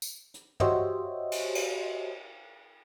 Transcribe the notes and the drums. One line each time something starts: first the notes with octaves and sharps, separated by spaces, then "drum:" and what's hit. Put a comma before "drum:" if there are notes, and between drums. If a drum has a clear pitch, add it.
drum: tambourine
drum: hi-hat
F#4 G4 C5 C#5 D#5 E5, drum: tom
drum: cymbal
drum: cymbal